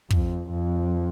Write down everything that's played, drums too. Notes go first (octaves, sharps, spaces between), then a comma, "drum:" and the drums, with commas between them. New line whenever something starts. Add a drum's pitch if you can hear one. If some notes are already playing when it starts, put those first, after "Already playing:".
F2, drum: kick
F2